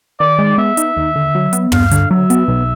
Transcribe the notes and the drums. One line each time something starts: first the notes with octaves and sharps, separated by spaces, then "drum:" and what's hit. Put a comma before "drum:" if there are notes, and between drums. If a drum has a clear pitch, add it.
D#3 D5
G#3
B3 E5
D#4, drum: hi-hat
D#2
D3
F#3
B3, drum: hi-hat
G2 F5, drum: tom
D3, drum: hi-hat
F#3 E5
B3, drum: hi-hat
B1